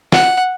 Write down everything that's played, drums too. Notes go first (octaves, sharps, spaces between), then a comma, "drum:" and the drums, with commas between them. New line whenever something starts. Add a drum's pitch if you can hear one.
F#5, drum: snare